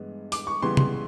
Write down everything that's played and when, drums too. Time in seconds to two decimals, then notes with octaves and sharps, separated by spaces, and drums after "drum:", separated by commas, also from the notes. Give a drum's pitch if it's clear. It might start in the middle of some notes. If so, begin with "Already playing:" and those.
Already playing: G2 E3 G#3 B3
0.32 D6, drum: open hi-hat
0.47 C#6
0.62 C#3 E3 G3 B3 C6
0.77 C6, drum: tom C3